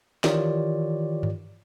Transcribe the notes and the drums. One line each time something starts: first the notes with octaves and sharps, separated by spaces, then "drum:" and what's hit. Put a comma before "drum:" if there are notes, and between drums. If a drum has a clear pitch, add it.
D#3 E3 F4 G4 C#5 D5, drum: snare
drum: tom G2